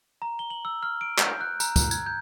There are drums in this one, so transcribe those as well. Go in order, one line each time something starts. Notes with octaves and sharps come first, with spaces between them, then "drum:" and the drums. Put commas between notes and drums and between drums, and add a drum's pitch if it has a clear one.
A#5
G7
F#7
E6
F6
D7
G6, drum: clap
F#6
A#5, drum: tambourine
A#5, drum: kick, tambourine
G#6, drum: tambourine
G6